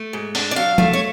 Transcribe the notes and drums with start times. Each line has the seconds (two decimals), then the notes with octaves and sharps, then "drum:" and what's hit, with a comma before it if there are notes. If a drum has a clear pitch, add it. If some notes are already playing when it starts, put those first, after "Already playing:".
Already playing: A3
0.13 G#2
0.35 D4, drum: open hi-hat
0.51 D5
0.56 F#3 F5
0.78 A3, drum: tom F3
0.93 C#5